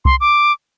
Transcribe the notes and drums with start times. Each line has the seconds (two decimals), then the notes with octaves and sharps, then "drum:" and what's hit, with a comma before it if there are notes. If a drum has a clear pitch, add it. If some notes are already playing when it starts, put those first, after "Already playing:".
0.05 C6, drum: kick C2
0.21 D6